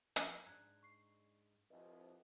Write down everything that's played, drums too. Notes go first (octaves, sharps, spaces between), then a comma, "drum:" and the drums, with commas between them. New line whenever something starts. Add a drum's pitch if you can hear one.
F3 A3, drum: hi-hat
G#2 G#3 D4 A#5 F#6 G#6
C#6 C7
C2 F2 B4 D#5 E5